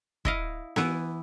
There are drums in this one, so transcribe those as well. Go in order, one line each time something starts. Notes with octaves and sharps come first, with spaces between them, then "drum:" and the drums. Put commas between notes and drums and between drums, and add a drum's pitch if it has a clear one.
E4 D#5 F5, drum: kick
E3 B3 E4, drum: snare B3